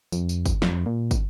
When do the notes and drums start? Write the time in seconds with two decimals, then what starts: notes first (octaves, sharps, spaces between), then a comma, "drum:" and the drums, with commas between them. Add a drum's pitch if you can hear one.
0.12 F2, drum: tambourine
0.29 drum: tambourine
0.46 drum: kick, tambourine
0.62 F2, drum: snare
0.86 A#2
1.11 drum: kick, tambourine